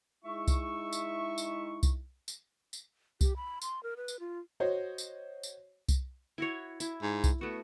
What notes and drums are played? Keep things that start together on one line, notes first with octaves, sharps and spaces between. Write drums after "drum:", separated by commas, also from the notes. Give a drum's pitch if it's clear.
G#3 D#4 E4 E5 C#6
drum: kick C2, tambourine
drum: tambourine
drum: tambourine
drum: kick C2, tambourine
drum: tambourine
drum: tambourine
G4, drum: kick C2, tambourine
B5
C6, drum: tambourine
A#4
B4
drum: tambourine
F4
F#4 C5 C#5 D#5
drum: tambourine
drum: tambourine
drum: kick C2, tambourine
E4 F#4 C#5
E4, drum: tambourine
G#2
drum: kick C2, tambourine
A3 B3 F#4